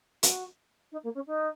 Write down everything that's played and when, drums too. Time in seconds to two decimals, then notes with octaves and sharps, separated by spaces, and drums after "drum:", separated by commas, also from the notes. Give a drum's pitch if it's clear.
0.23 F#4, drum: hi-hat
0.92 D#4
1.03 A#3
1.14 C#4
1.26 D#4